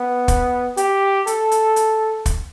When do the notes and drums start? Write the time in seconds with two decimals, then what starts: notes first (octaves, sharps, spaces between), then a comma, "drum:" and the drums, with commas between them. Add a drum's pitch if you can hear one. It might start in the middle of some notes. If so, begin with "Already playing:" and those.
Already playing: B3
0.28 drum: kick, hi-hat
0.77 G4, drum: hi-hat
1.27 A4, drum: hi-hat
1.52 drum: hi-hat
1.76 drum: hi-hat
2.26 drum: kick, hi-hat